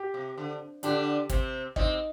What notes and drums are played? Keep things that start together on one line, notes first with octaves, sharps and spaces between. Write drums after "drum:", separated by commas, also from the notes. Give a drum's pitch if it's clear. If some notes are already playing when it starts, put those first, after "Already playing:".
Already playing: G4
C3
D3
D3 D4 G4, drum: hi-hat
C3 C4, drum: kick, hi-hat
C3 C4 D#4, drum: kick